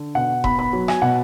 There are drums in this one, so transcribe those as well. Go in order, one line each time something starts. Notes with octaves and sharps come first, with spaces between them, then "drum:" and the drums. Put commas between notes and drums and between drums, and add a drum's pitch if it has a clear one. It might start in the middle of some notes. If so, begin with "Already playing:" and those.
Already playing: D3
B2 F#5
B3 B5, drum: kick E1
B5
F#3
G#5, drum: rim click
B2 F#5